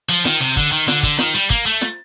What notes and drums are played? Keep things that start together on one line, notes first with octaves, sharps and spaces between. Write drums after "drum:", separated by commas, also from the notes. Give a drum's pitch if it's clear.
F3
D#3, drum: snare
C3
D3, drum: kick
D#3
D3, drum: snare
D3, drum: kick
D#3, drum: snare
G3
A#3, drum: kick
A3
drum: snare